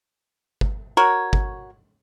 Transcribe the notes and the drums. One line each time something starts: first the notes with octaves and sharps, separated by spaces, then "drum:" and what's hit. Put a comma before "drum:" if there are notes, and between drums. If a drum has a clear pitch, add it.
drum: kick G1
F#4 A#4 C#5
drum: kick G1